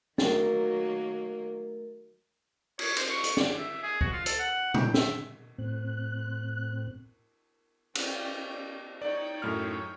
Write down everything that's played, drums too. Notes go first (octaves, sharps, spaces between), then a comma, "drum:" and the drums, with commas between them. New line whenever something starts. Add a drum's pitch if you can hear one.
D#3 F#3 A3 A#3 A#4 A6, drum: snare
C#5, drum: cymbal
C5, drum: cymbal
C#6
drum: hi-hat
D5, drum: snare
E5
G#4
F#4, drum: kick C#2
F4
A4, drum: hi-hat
F#5
G5, drum: tom A#2
E5, drum: snare
A2 C4 F#6
C#4 D5 G5, drum: cymbal
D#4 C#5 D5 G5
F#2 A2 F6